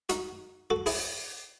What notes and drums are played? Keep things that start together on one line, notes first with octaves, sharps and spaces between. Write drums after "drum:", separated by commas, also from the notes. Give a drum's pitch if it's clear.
D#4 F#4, drum: hi-hat
F#4 A4
E4 G#4, drum: open hi-hat